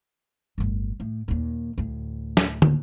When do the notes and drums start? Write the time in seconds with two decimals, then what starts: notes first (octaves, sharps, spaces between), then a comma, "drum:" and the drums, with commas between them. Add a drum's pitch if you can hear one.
0.58 D1 G1
1.00 A2
1.28 D#2 A#2
1.78 D2 A2
2.37 drum: snare
2.62 drum: tom